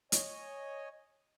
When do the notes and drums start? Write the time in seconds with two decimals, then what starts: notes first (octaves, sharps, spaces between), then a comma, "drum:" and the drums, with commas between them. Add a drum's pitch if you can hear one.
0.12 C#5 D#5 G#5, drum: hi-hat